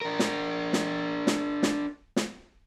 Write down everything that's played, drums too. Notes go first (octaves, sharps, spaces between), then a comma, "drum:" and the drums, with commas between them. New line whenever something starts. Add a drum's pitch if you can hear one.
D4 A#4
drum: snare
drum: snare
drum: snare
drum: snare
drum: snare